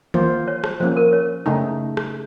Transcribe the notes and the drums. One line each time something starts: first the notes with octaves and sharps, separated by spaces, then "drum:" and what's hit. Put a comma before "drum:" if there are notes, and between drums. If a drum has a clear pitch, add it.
A#3 F4 C5, drum: tom D#3
C#5
C5, drum: rim click
F3 A#3 C#4 C5
A#4
C#5
C#3 A3 D#4
drum: rim click